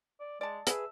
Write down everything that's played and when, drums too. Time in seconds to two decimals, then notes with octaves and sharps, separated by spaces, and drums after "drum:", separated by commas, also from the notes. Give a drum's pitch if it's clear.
0.20 D5
0.41 G#3 D5 A5
0.67 G#4 B4 E5, drum: hi-hat